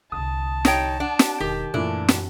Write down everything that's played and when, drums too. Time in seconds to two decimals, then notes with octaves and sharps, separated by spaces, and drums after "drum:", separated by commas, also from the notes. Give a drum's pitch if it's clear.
0.12 C2 D3 A5 D#6
0.65 D#4 C#5 G5, drum: snare
1.00 D4 F#5
1.19 drum: snare
1.40 E1 D#3 G4
1.74 F#2 A#2 E3 A3 D4
2.08 drum: snare